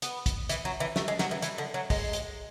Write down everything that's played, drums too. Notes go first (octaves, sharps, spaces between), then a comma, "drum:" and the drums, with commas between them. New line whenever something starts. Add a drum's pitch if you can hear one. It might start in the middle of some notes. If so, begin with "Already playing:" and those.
B3, drum: hi-hat
drum: kick, hi-hat
E3, drum: hi-hat
F#3
E3
A3, drum: snare
G#3
F#3, drum: snare
E3
E3, drum: hi-hat
D3
F#3
G#3, drum: kick, open hi-hat
drum: hi-hat